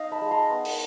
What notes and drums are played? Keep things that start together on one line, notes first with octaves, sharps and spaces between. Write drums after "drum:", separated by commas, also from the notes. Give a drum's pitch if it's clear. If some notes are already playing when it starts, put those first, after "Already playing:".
Already playing: D#4 D#5 F5
A5 B5
G#3
A#5 C6
B3
drum: open hi-hat